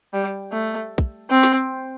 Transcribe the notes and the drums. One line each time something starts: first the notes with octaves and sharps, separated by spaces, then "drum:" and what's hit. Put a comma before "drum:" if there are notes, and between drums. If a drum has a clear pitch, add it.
G3
A3
drum: kick
C4
drum: snare